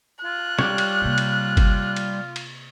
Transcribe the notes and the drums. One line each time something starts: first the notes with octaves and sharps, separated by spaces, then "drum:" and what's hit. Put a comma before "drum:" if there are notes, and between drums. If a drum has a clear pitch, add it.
F4 F#6
G3 G4 C#5, drum: snare
drum: cymbal
C3 A#3
drum: cymbal
drum: kick G1, cymbal
drum: cymbal
drum: cymbal